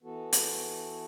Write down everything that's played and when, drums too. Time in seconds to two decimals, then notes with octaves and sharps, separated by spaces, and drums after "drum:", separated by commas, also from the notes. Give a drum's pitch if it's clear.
0.03 E3 B3 F#4 A4
0.33 drum: hi-hat